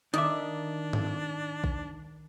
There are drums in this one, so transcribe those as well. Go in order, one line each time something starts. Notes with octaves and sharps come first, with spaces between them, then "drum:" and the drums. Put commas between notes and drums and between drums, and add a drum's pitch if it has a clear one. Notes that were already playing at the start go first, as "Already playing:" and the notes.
D#3 D4 D#4 D5 E5 D6 D#6, drum: hi-hat
drum: tom
drum: kick A#1